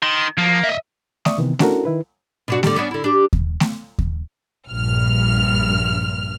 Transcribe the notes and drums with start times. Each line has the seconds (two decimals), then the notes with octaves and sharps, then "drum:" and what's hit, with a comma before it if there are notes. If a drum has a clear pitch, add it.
0.03 D#3 C6
0.38 F3 A#3
0.64 D#5 E5
1.25 D5 E5 C#6 D#6, drum: snare A3
1.38 C3 D#3 E3 B3
1.59 C#4 D4 E4 F#4 A4 A#4, drum: snare A3
1.85 D#3 E4 B4
2.48 B2 D4 F#4
2.63 D3 G3, drum: snare A3
2.76 B3 C#4 D4
2.91 D3 E4
3.04 D4 G4
3.33 drum: kick D#2
3.60 drum: snare A3
3.99 drum: kick D#2
4.67 A#1 G2 F6